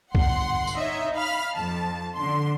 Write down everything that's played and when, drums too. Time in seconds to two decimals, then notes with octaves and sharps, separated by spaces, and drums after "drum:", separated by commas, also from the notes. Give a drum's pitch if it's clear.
0.15 G1 F#5 C6, drum: kick C2
0.67 drum: tambourine
0.77 D#4 C#5 D#5 E5
1.14 F5 B5 F6
1.56 F2 A5
2.15 D3 C6